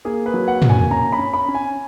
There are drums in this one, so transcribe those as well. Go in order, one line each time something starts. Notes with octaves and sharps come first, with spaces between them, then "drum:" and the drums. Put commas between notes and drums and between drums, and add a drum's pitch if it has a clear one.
A#3 G#4
B4
F#3
F#5
A#3, drum: tom
G#5
C#4 A#5
B5
C#4
B5
C#4
G#5